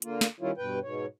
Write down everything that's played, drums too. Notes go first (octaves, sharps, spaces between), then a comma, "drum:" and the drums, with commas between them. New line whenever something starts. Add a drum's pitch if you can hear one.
D3 A#3 F4, drum: hi-hat
drum: snare
D#3 G3 C#4 E4 F4
G2 B2 B4 G5
G#2 B2 C#5